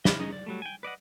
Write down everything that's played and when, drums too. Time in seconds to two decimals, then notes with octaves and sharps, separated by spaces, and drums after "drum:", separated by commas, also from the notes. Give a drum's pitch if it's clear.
0.05 D#5 E5 B5 F6, drum: snare
0.19 C#4 D#4 G#4 C#5 D#5
0.32 D5
0.46 F#3 G3 A3
0.62 G5 G#5
0.83 B4 D5 D#5 F#5